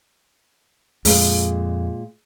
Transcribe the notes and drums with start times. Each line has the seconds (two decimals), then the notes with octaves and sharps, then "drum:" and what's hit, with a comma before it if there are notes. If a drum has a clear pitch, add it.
1.05 F2 A#2 G#3, drum: open hi-hat